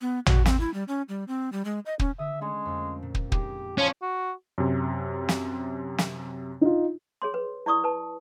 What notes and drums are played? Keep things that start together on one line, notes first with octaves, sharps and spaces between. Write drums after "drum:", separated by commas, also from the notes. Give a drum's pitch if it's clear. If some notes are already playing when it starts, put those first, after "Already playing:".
B3
F#4, drum: tom A1
C4, drum: snare
E4
G3
C#4
G3
C4
G3
G#3
D#5
C#4, drum: kick
D3 E5 D#6
G#3 A3 C#4 D4
F2 A#3
A#2
drum: kick
G#3 D#4 G4, drum: kick
A1 E3 F3 C#4
F#4
F#2 C3
drum: snare
drum: snare
D#4 F4
G#4 C#5 C6
B4
E4 D5 C#6 D#6
B4 A5